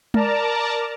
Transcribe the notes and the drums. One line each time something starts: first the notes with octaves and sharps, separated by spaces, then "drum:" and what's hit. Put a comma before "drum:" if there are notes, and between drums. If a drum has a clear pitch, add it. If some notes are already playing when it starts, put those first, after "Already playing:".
A#4 D5 A5 A#5, drum: tom G#3